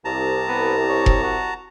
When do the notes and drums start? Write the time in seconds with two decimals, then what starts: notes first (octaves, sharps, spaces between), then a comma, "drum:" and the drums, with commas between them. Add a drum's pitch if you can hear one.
0.05 C2 A5 A#5
0.48 B3
0.89 C#5
1.06 drum: kick F1
1.23 F#4